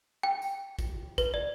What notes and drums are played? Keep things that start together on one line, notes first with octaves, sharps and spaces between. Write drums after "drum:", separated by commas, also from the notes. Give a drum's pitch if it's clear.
G5
drum: tambourine
drum: kick, tambourine
B4, drum: kick, tambourine
D5